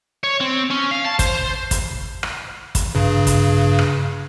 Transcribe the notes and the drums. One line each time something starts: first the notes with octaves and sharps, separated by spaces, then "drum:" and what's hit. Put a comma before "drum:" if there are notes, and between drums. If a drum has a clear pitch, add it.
C#5
C4
C#4
F5
A5
C5, drum: kick, hi-hat
drum: kick, hi-hat
drum: rim click
drum: kick, hi-hat
G2 C#3
drum: kick, hi-hat
drum: rim click